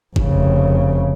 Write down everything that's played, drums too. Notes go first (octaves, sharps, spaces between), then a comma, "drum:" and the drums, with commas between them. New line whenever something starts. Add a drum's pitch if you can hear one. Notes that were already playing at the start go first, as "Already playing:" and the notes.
F1 C#3, drum: kick